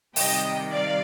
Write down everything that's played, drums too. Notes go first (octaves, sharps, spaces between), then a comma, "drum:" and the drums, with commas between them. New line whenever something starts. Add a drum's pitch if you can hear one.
C3 D#3 G3 D#5 G5, drum: open hi-hat
D5 F5